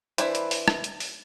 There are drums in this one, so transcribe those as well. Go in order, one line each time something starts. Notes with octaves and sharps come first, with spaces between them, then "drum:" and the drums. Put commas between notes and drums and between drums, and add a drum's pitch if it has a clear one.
E3 D4 E4 B4 C5, drum: hi-hat
drum: hi-hat
drum: open hi-hat
drum: rim click
drum: hi-hat
drum: open hi-hat